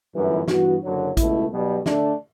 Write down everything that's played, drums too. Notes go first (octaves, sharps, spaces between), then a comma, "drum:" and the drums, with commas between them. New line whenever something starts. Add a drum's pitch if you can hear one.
G1 F#2 E3
G2 E3 B3 F#4, drum: snare
F#1 F#2 D3 F#3
C#2 B2 A3 E4, drum: kick A1, hi-hat
B1 B2 G3
D3 A3 D4, drum: snare